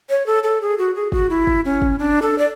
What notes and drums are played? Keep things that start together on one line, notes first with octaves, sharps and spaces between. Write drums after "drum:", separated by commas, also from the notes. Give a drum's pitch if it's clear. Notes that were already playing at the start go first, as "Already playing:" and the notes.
C#5
A4
A4
G#4
F#4
G#4
F#4, drum: kick
E4
drum: kick
C#4
drum: kick
D4
A4
D5